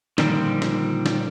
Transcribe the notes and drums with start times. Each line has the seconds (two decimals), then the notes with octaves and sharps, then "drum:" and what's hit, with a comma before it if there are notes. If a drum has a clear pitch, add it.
0.18 A#2 D3 D#3 F3 G3 C4, drum: snare
0.62 drum: snare
1.06 drum: snare